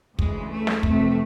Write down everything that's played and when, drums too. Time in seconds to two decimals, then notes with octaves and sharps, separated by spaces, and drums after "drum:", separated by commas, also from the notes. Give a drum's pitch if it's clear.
0.19 D2 C#3 E3 G#3, drum: kick
0.50 A3
0.67 drum: snare
0.83 F2 C3 E3 A3, drum: kick